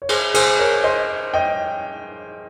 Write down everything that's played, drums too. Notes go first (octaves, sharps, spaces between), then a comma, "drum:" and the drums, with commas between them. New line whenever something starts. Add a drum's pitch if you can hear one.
C#5
G#4 C5, drum: cymbal
G#4 C5, drum: cymbal
A#4 C#5
C5 D#5
D#5 G5